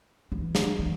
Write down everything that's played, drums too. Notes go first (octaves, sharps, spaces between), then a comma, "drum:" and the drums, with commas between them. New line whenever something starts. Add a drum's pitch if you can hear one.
E3
drum: snare
E3